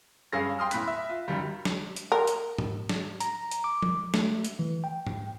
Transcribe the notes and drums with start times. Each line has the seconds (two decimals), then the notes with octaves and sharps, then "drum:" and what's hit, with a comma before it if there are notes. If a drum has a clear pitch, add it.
0.33 G2 C#4 G#4 F5 E6 A#6
0.59 G5 C6 D#6 F6
0.71 A2 B5 F#6 B6, drum: hi-hat
0.87 E5
1.09 F4
1.28 F#2 D#3 G3
1.65 drum: snare
1.96 drum: hi-hat
2.12 A#4
2.27 drum: hi-hat
2.58 drum: tom G#2
2.89 drum: snare
3.20 A#5, drum: hi-hat
3.51 drum: hi-hat
3.64 D6
3.82 drum: tom F3
4.14 A3, drum: snare
4.45 drum: hi-hat
4.59 E3
4.84 G5
5.07 drum: tom G#2